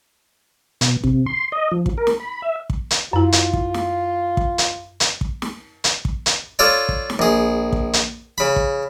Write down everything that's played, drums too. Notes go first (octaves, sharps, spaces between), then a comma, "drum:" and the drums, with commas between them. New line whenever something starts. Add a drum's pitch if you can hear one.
B2, drum: hi-hat
C3, drum: kick
C6
D#5
F3
drum: kick
A#4
drum: snare
B5
E5
drum: kick
drum: hi-hat
F#2 E4 F4
drum: hi-hat
drum: kick
drum: snare
drum: kick
drum: hi-hat
drum: hi-hat
drum: kick
drum: snare
drum: hi-hat
drum: kick
drum: hi-hat
F4 A4 C#5 D5
drum: kick
drum: snare
A#1 G#4
drum: kick
drum: hi-hat
C#3 B5
drum: kick